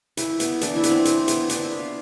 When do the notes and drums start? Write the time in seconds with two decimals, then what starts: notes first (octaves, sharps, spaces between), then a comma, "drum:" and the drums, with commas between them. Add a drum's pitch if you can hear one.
0.17 E3 E4, drum: hi-hat
0.40 B3, drum: hi-hat
0.61 E3 D4, drum: hi-hat
0.76 E4
0.83 B3, drum: hi-hat
0.91 C4
1.05 E3, drum: hi-hat
1.28 B3, drum: hi-hat
1.49 E3 D4, drum: hi-hat
1.64 E4
1.71 B3
1.79 F4